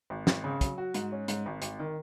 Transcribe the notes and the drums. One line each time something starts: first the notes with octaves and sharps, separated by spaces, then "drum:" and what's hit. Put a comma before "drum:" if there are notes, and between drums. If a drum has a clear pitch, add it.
G#1
G#1, drum: snare
C#3
F#3, drum: kick, hi-hat
F#4
G#2, drum: hi-hat
C#4
G#2, drum: hi-hat
G#1
G#1, drum: hi-hat
D#3